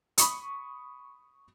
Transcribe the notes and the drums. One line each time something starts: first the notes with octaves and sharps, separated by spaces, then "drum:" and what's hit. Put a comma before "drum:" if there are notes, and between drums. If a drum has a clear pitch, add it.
B5 C#6 D#6, drum: hi-hat